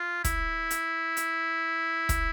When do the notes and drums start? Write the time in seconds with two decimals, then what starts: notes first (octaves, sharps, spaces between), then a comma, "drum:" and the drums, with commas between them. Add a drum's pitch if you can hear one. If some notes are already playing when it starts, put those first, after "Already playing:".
Already playing: F4
0.24 E4, drum: kick, hi-hat
0.71 drum: hi-hat
1.17 drum: hi-hat
2.09 drum: kick, hi-hat